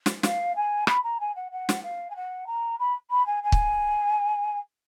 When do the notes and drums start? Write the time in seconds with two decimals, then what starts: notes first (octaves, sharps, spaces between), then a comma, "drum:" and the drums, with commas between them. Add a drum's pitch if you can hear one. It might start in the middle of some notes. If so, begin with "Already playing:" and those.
0.06 drum: snare
0.23 F5, drum: snare
0.55 G#5
0.87 B5, drum: rim click
1.03 A#5
1.20 G#5
1.35 F#5
1.51 F#5
1.69 drum: snare
1.83 F5
2.10 G#5
2.15 F#5
2.46 A#5
2.79 B5
3.10 B5
3.26 G#5
3.43 G#5
3.52 drum: kick